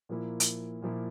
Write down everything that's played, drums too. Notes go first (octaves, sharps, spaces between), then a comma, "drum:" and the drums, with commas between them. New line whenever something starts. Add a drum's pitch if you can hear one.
A#2 F3 A#3 E4
drum: hi-hat
A#2 F3 A#3 E4